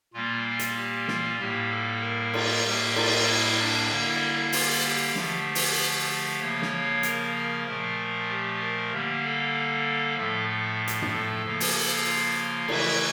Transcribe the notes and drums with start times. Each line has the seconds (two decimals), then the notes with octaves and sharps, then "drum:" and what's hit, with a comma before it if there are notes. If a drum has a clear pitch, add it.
0.14 A#2 G3 A#3 F4
0.59 drum: hi-hat
0.77 G4
1.08 F4, drum: snare
1.39 A2 G3 A#3 G4
1.70 A4
2.02 A#4
2.33 F4, drum: cymbal
2.65 A2 G3 A#3 G4
2.96 F4, drum: cymbal
3.27 E4
3.59 D4
3.90 D3 G3 A#3 E4
4.53 F4, drum: open hi-hat
4.84 G4
5.15 D3 F3 A3, drum: snare
5.55 drum: open hi-hat
6.41 C#3 F3 A#3 C#5
6.62 drum: snare
7.03 A#4, drum: hi-hat
7.35 A#4
7.67 A#2 F3 A3
8.29 G4
8.61 A#4
8.92 D3 G3 A#3 G4
9.24 A4
10.17 A2 F3 A3 A4
10.49 A4
10.88 drum: hi-hat
11.02 drum: tom
11.12 A4
11.43 C#3 F3 A#3
11.60 drum: open hi-hat
12.05 F4
12.68 C#3 E3 A3 E4, drum: cymbal